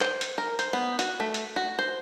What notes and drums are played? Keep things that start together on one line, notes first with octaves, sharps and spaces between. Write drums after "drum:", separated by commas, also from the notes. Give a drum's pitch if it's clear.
C5, drum: clap
drum: hi-hat
A#4
C5, drum: hi-hat
B3
F#4, drum: hi-hat
A3
drum: hi-hat
F#4
C5